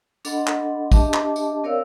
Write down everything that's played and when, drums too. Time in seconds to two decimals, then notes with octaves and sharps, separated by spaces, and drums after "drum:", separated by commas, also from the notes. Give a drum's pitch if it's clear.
0.25 D4 A4 D#5 F#5 B5 C6, drum: tambourine
0.47 drum: clap
0.92 D4 G4 D#5 E5 A5 D6, drum: kick, tambourine
1.14 drum: clap
1.36 drum: tambourine
1.64 C4 A#4 C#5 D5 F5 E6